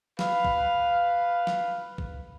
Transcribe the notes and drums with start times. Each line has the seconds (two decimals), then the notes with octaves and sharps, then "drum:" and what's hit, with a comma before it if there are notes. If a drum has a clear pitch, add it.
0.19 B4 F5, drum: snare
0.45 drum: kick
1.47 drum: snare
1.98 drum: kick